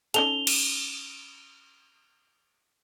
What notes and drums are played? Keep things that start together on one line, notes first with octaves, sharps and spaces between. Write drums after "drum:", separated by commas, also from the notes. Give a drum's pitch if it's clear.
C#4 D#4 A4 F7 G7, drum: hi-hat
drum: cymbal